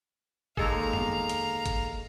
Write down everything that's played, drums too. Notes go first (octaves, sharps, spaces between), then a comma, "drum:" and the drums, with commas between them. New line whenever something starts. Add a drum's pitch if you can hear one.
D#2 G#3 G#4 A4 F5 A#5, drum: kick
drum: tom F2
drum: hi-hat
drum: kick, hi-hat